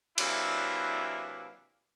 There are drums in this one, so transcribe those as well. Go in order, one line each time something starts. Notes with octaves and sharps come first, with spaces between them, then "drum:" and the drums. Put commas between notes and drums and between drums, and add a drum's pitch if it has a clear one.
C3 E3 F#3 A#3 D4 E4, drum: cymbal